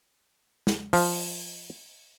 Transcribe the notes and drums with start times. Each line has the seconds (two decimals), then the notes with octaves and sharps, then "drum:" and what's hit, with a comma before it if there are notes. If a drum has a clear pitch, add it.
0.67 drum: snare
0.93 F3, drum: open hi-hat
1.12 drum: open hi-hat